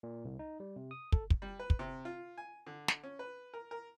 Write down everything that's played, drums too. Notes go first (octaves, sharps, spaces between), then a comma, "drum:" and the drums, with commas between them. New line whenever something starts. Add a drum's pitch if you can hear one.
A#2
C2
D#4
G3
C3
D#6
A4, drum: kick
drum: kick
G3
B4
drum: kick
C3
F4
G#5
D3
drum: snare
C#4
B4
A#4
A#4